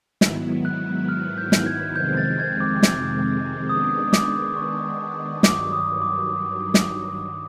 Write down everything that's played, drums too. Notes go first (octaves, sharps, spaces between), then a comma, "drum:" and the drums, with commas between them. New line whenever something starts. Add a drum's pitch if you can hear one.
G#2 D#3 F#3 B3 E4, drum: snare
F#6
F6
G6
drum: snare
G#6
F2 C3 D#3 G#3 C4 G6
A6
G#6
D6
drum: snare
D#3 G#3 B3 D4 D#6
D6, drum: snare
C#6
G2 D#3 F#3 D6, drum: snare
D#6
D6
drum: snare